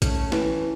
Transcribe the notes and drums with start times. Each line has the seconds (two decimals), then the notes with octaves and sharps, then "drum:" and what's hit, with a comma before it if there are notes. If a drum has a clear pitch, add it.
0.02 A3 C#4, drum: kick A1, hi-hat
0.32 E3, drum: snare